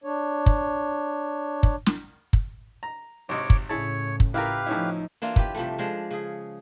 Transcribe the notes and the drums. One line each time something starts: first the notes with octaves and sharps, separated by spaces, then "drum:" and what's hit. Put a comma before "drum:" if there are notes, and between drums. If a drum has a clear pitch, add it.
D4 C#5
drum: kick
drum: kick
drum: snare
drum: kick
A#5
G#1 C3 C#5 D#5 D6
drum: kick
A2 C#3 E4 G#4 C#5 A5
drum: kick
E4 F4 G4 A#4 B4 F5
A2 F3 C#4 D#4 E4
E3 A#3 D4 F4
G4 B4, drum: kick
C3 F3 G3 A3
F3 G#3 D4
C#3 G#4